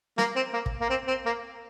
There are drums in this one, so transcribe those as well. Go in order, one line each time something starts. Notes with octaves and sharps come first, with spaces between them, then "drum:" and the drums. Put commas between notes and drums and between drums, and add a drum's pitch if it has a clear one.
A#3, drum: snare
C4
A#3
drum: kick
A#3
C4
C4
A#3